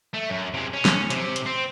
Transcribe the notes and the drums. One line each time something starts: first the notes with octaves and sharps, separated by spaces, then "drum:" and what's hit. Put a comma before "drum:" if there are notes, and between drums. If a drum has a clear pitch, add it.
A3
F#2
C3 G#3
C#4
drum: snare
C3, drum: hi-hat
drum: hi-hat
C4